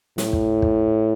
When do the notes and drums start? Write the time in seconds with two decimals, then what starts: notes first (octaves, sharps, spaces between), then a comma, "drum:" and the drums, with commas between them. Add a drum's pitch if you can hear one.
0.18 A2, drum: snare
0.33 drum: kick
0.62 drum: kick